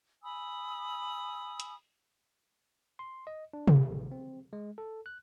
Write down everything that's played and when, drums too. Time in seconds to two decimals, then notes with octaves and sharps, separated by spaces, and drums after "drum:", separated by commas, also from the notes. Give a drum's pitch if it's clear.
0.23 G#5 B5 D#6 E6
1.60 drum: hi-hat
2.99 C6
3.27 D#5
3.53 D4
3.67 A#2, drum: tom C3
3.90 A1
4.12 C4
4.53 G#3
4.78 A4
5.06 F#6